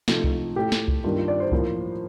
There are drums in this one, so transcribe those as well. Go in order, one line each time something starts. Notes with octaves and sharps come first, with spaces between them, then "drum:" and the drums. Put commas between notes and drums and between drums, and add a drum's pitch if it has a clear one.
C3 F3 A3 D#4, drum: snare
drum: kick C2
A2 A3 G4
drum: snare
drum: kick C2
G2 D#3 G3 A#3 F4
F4
D5
C5
A2 F3 A#3, drum: kick C2